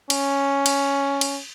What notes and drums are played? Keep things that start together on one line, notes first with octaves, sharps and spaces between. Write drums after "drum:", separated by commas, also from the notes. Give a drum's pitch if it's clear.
C#4, drum: cymbal
drum: cymbal
drum: cymbal